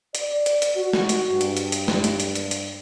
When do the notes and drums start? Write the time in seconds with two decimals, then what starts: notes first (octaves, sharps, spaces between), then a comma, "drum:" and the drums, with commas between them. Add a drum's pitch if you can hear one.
0.15 D5, drum: hi-hat
0.46 drum: hi-hat
0.62 drum: hi-hat
0.76 F#4
0.93 drum: snare
1.09 drum: hi-hat
1.32 G2
1.41 drum: hi-hat
1.57 drum: hi-hat
1.72 drum: hi-hat
1.88 drum: snare
2.04 drum: hi-hat
2.20 drum: hi-hat
2.35 drum: hi-hat
2.51 drum: hi-hat